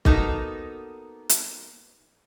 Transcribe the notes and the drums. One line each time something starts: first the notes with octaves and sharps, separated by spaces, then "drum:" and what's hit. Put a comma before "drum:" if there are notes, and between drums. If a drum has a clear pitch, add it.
A#3 B3 D#4 F#4 A4, drum: kick B1
drum: hi-hat